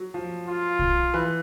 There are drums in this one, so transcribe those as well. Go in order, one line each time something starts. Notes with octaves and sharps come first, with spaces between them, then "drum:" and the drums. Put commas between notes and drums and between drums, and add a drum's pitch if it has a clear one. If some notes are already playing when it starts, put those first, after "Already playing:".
Already playing: F#3
F3
F4
drum: kick B1
E3